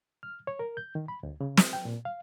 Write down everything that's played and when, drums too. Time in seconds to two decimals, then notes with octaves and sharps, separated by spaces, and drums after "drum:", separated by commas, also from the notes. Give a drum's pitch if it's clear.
0.23 F6
0.47 C#5
0.59 A#4
0.77 G6
0.95 D#3
1.08 B5
1.23 D2
1.41 C#3
1.57 D#6, drum: snare
1.73 G5
1.85 A#2
2.05 F5